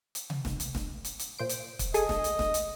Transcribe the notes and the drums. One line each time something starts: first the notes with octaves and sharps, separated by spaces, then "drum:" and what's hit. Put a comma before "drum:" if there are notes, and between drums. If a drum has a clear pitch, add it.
drum: hi-hat
drum: tom C3
drum: snare E1
drum: hi-hat
drum: snare E1
drum: hi-hat
drum: hi-hat
A#2 C5 D7
drum: hi-hat
drum: kick, hi-hat
G#4 A4 D#5 G#5, drum: hi-hat
drum: snare E1
drum: hi-hat
drum: snare E1
drum: hi-hat